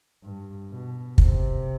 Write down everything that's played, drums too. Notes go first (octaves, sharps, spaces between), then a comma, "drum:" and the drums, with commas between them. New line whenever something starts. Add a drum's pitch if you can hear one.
G2
B2
C3, drum: kick